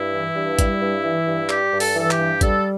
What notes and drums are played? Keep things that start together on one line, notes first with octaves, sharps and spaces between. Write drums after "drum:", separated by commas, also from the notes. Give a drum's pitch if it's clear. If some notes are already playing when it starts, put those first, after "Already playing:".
Already playing: G2 E4
E3
G2
G3, drum: kick, hi-hat
G2
E3
G2
G3 G4, drum: clap
G2
A4, drum: open hi-hat
E3 A4
G4, drum: clap
G2
G3 A4, drum: kick, hi-hat